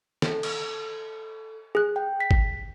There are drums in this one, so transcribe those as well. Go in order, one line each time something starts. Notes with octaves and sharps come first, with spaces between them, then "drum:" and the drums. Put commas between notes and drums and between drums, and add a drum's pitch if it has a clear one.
A4, drum: snare
drum: cymbal
G#4 F#6
G5
B6
drum: kick